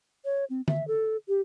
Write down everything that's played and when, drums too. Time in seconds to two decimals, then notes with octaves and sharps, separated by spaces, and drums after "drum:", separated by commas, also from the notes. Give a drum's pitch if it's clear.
0.25 C#5
0.50 C4
0.68 E5, drum: tom D3
0.88 A4
1.28 G4